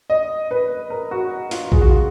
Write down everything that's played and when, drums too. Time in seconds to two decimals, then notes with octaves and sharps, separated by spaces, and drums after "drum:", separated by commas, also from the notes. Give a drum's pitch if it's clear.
0.10 D#5
0.51 B4
0.90 A#4
1.11 F#4
1.51 F4, drum: open hi-hat
1.72 G#4, drum: kick A#1
1.81 F#4
1.90 F4